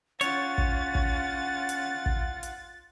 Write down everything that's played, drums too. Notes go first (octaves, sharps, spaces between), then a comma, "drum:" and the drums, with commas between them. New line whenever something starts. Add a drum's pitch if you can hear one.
C#4 F4 C#5 F#5 A6, drum: hi-hat
drum: kick
drum: kick
drum: hi-hat
drum: kick
drum: hi-hat